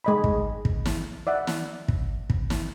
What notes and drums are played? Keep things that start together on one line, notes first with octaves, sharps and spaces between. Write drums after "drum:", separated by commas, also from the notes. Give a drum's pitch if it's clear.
G#3 D#5 B5
drum: kick
drum: kick
drum: snare
D5 E5 F#5
drum: snare
drum: kick
drum: kick
drum: snare